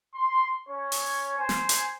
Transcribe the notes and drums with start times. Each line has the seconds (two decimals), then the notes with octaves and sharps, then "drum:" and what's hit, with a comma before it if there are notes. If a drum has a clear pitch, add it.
0.15 C6
0.68 C#4 C#5
0.92 drum: open hi-hat
1.38 C5 G#5
1.49 drum: snare
1.69 drum: hi-hat